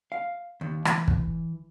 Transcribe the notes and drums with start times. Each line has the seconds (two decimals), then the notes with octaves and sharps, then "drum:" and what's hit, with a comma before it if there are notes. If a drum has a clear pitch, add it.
0.12 F5
0.61 D#2
0.85 E3, drum: rim click
1.08 drum: kick